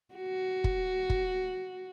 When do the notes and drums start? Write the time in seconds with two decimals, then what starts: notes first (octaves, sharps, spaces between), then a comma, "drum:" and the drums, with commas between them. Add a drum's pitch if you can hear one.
0.15 F#4
0.64 drum: kick
1.10 drum: kick